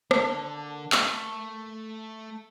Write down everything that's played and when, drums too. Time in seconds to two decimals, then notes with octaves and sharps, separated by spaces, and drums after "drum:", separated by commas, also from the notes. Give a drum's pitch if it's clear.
0.11 D3 A#3 A5 D6, drum: rim click
0.92 A3, drum: clap